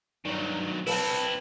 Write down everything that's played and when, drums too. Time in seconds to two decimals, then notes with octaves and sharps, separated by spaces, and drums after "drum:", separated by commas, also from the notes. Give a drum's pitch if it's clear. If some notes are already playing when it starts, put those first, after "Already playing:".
0.25 G2 D#3 F#3
0.87 C4 E4 B4 G#5 A5, drum: open hi-hat